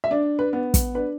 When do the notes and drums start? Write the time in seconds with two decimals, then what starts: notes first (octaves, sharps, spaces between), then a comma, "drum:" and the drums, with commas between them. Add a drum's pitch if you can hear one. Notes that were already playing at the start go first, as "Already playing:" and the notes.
0.04 E5
0.11 D4 D5
0.39 B4
0.53 B3
0.74 drum: kick, hi-hat
0.95 D4 B4